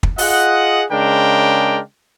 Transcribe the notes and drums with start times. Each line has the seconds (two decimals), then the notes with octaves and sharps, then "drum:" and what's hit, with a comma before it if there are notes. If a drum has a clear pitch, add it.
0.03 drum: kick
0.18 F4 G#4 D#5 F#5, drum: open hi-hat
0.91 C#3 G#3 D4 A#4 G5